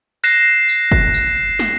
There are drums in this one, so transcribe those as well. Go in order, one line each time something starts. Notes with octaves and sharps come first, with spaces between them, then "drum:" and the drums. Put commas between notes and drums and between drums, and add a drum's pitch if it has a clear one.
F#6 A#6 C7 E7, drum: tambourine
drum: tambourine
drum: kick
drum: tambourine
drum: snare